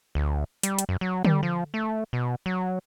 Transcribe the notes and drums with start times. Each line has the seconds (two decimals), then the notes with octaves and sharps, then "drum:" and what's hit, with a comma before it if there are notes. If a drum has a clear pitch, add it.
0.15 D2
0.63 G3, drum: hi-hat
0.79 drum: hi-hat
0.89 F#2
1.01 F#3
1.25 G3, drum: tom D3
1.43 F3
1.74 A3
2.13 B2
2.46 F#3